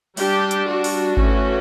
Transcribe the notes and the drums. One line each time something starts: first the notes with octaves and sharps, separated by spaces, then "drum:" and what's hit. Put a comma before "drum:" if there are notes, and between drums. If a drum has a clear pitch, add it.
G3 D4 G4, drum: open hi-hat
drum: hi-hat
F#4
drum: open hi-hat
E3 A3 C#4, drum: kick G#1